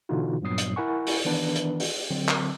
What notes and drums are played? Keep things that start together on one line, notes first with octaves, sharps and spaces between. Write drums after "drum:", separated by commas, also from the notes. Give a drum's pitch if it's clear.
B2 D3 E3 D#4 F4 F#4
G2 A#2 F#3 B3 D#6 C7
drum: hi-hat
E4 A#4 F#5 G#5 C#6
drum: open hi-hat
D#3 E3 B3 D4 B4
drum: hi-hat
drum: open hi-hat
D3 F#3 C4
drum: clap